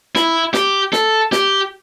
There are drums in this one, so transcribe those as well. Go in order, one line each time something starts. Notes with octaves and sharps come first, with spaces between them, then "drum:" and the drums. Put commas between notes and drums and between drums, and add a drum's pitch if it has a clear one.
E4, drum: snare
G4, drum: snare
A4, drum: snare
G4, drum: snare